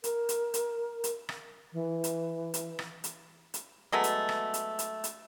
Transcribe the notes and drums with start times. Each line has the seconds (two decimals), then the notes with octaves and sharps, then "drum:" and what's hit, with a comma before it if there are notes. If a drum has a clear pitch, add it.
0.04 A#4, drum: hi-hat
0.29 drum: hi-hat
0.54 drum: hi-hat
1.04 drum: hi-hat
1.29 drum: rim click
1.73 E3
2.04 drum: hi-hat
2.54 drum: hi-hat
2.79 drum: rim click
3.04 drum: hi-hat
3.54 drum: hi-hat
3.92 F#3 G#3 A3 B3
4.04 drum: hi-hat
4.29 drum: rim click
4.54 drum: hi-hat
4.79 drum: hi-hat
5.04 drum: hi-hat